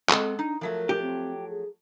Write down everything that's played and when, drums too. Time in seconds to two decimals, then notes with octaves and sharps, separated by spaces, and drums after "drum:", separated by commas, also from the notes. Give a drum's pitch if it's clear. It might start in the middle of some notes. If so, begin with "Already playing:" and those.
0.09 G#3 C4 A4 F#5, drum: clap
0.39 D4 D#4
0.61 F3 F#3 A3 A#4
0.89 G4
1.02 C4
1.49 G#4